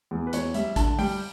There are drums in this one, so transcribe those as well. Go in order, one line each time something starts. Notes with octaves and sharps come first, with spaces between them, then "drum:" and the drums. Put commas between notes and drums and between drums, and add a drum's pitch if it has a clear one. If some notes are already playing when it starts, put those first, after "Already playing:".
E2
B4
E2 C#5, drum: hi-hat
G3 E5, drum: hi-hat
D3 A5, drum: kick A1, hi-hat
G3 G5, drum: open hi-hat